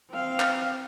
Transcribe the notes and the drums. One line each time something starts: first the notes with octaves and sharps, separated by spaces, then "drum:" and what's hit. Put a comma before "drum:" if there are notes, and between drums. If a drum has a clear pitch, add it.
C4 F5
drum: clap